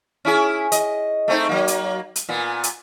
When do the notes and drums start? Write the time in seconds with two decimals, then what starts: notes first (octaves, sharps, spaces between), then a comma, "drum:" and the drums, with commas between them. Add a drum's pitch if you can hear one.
0.25 C#4 E4 G#4
0.72 D#5, drum: hi-hat
1.28 A3 C4 D#4
1.49 F#3 A#3
1.68 drum: hi-hat
2.16 drum: hi-hat
2.28 A#2 B3
2.64 drum: hi-hat